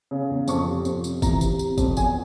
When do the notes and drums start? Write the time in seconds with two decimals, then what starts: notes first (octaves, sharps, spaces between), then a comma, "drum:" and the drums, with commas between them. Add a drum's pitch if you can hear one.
0.11 C#3
0.30 E2
0.48 F2 C#6, drum: tambourine
0.67 C3
0.85 F2, drum: tambourine
1.04 C3, drum: tambourine
1.22 E3 A#5, drum: kick, tambourine
1.41 C3, drum: tambourine
1.59 C3, drum: tambourine
1.78 F2, drum: kick, tambourine
1.97 E2 G#5, drum: tambourine